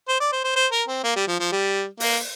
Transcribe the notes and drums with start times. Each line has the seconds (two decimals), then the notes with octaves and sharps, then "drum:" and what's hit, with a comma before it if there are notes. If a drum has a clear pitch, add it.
0.08 C5
0.20 D5
0.33 C5
0.44 C5
0.56 C5
0.72 A#4
0.88 C4
1.04 A#3
1.16 G3
1.28 F3
1.40 F3
1.52 G3
2.00 A#3, drum: open hi-hat